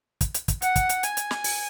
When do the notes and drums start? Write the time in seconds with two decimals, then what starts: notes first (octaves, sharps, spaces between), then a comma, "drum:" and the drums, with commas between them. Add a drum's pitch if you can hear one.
0.21 drum: kick, hi-hat
0.34 drum: hi-hat
0.48 drum: kick, hi-hat
0.62 F#5, drum: hi-hat
0.76 drum: kick, hi-hat
0.89 drum: hi-hat
1.03 G#5, drum: hi-hat
1.17 drum: hi-hat
1.31 drum: snare
1.44 drum: open hi-hat